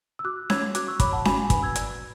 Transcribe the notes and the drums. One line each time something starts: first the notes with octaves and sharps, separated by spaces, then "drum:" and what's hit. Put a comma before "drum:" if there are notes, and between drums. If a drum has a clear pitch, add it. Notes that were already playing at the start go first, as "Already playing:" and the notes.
E6
F#4 D6 F#6
C#5 E6 G#6, drum: snare C#4
F#4 D6 F#6, drum: hi-hat
C#6 E6
C#5 B5 D6, drum: kick, hi-hat
F#5 A5
F#4 G#5 B5, drum: snare C#4
G#5
B4 G#5 B5, drum: kick, hi-hat
E6 G#6
D5, drum: hi-hat